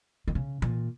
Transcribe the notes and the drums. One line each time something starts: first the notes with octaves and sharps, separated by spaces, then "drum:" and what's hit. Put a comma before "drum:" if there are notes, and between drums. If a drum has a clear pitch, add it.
D#3
C#3
A#2, drum: tom E3